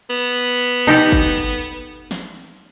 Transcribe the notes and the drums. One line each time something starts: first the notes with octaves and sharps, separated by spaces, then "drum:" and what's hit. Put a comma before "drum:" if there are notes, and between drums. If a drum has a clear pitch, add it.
B3
D#4 G4 A4, drum: tom B2
drum: kick
drum: snare